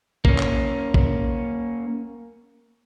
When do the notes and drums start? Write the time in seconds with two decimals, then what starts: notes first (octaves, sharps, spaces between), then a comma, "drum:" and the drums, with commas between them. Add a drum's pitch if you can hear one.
0.25 A#3 C#4, drum: kick
0.38 drum: clap
0.94 drum: kick